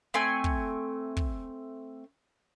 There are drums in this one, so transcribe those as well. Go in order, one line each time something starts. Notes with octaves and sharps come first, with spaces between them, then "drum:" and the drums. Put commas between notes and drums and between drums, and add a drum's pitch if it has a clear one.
A3 C4 G#5
drum: kick
drum: kick